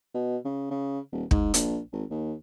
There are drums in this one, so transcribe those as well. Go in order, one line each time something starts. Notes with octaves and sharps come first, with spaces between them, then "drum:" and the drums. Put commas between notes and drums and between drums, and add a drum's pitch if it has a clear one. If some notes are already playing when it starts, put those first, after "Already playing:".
B2
C#3
C#3
D#1
G#2, drum: kick
A#1, drum: hi-hat
G#1
D#2